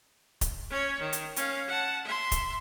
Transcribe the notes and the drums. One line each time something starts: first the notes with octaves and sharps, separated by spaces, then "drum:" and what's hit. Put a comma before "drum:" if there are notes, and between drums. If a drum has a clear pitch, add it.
drum: kick, hi-hat
C#4 C#5
D#3
drum: hi-hat
C#4 F5, drum: hi-hat
F#5 A5
E5 C6
drum: kick, hi-hat